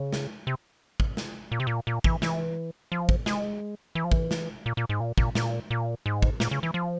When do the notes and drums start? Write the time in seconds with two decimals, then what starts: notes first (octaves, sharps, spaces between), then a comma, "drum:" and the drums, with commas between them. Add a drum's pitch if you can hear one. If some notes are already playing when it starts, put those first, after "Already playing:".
Already playing: C#3
0.13 drum: snare
0.47 C3
1.00 drum: kick
1.17 drum: snare
1.52 A#2
1.60 C3
1.67 A#2
1.87 A#2
2.04 E3, drum: kick
2.22 E3, drum: snare
2.92 F3
3.09 drum: kick
3.26 G#3, drum: snare
3.95 E3
4.04 F3
4.12 E3, drum: kick
4.31 drum: snare
4.66 A#2
4.77 A#2
4.89 G#2
5.00 A#2
5.18 A#2, drum: kick
5.35 A#2, drum: snare
5.71 A#2
6.06 G#2
6.22 drum: kick
6.40 A#2, drum: snare
6.51 C#3
6.63 E3
6.74 F3